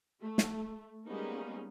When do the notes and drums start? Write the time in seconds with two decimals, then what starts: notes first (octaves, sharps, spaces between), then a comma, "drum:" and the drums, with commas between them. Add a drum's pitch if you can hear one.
0.20 A3
0.38 drum: snare
1.08 G3 G#3 A#3 B3 C#4 D#4